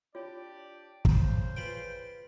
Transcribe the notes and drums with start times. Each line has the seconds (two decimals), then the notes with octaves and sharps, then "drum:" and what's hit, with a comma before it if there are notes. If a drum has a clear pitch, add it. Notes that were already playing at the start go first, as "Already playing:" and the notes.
0.15 D4 F4 G4 C#5 D5
1.05 C#3 C5, drum: kick
1.57 F4 B4 G5